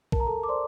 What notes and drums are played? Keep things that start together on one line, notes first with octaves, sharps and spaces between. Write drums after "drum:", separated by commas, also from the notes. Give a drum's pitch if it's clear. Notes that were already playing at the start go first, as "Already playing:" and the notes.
A#4 A5, drum: kick
A#5
A4 A5
D6
C5 D5 C6